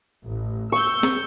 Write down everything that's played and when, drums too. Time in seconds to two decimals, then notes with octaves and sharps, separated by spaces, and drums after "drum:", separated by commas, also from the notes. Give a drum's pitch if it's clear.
0.24 A1
0.72 C#6 E6 G6
1.03 drum: snare C4